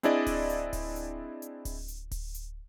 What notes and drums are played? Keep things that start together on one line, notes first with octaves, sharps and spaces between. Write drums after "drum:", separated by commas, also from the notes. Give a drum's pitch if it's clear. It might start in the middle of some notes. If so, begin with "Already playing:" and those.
C4 D4 E4 G#4 D5 D#5, drum: hi-hat
drum: kick D1, open hi-hat
drum: hi-hat
drum: kick D1, open hi-hat
drum: hi-hat
drum: hi-hat
drum: kick D1, open hi-hat
drum: hi-hat
drum: kick D1, open hi-hat
drum: hi-hat